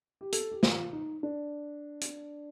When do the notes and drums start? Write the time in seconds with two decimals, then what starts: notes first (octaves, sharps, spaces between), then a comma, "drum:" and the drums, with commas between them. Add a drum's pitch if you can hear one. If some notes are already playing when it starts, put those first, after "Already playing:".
0.21 G4
0.32 A4, drum: hi-hat
0.52 G4
0.63 F4, drum: snare
0.93 D#4
1.23 D4
2.01 drum: hi-hat